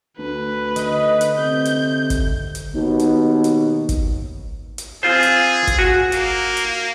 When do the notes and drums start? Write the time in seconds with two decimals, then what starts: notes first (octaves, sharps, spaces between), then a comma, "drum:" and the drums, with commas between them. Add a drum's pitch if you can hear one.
0.18 D2 B4
0.76 D3 D#4 D#5, drum: hi-hat
1.21 drum: hi-hat
1.38 C3 G6
1.65 drum: hi-hat
2.10 drum: kick G#1, hi-hat
2.55 drum: hi-hat
2.75 D#2 B2
2.99 drum: hi-hat
3.44 drum: hi-hat
3.89 drum: kick G#1, hi-hat
4.78 drum: hi-hat
5.03 C4 F4 G#4 C5
5.23 drum: hi-hat
5.67 drum: kick G#1, hi-hat
5.79 F#4
6.12 A#3, drum: hi-hat
6.57 drum: hi-hat